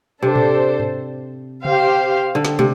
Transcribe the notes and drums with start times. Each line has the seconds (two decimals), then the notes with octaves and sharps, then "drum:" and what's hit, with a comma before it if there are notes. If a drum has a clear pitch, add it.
0.22 C3 D4 A4 C5
0.36 drum: tom A2
0.80 drum: tom G#2
1.65 G4 C5 F5, drum: tom C#3
2.35 D3
2.45 drum: snare
2.59 C3, drum: tom